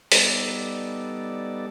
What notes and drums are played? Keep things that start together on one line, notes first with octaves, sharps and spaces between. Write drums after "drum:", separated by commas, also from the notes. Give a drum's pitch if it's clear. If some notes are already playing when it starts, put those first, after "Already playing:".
G3 B3 D#4 A4 D5, drum: open hi-hat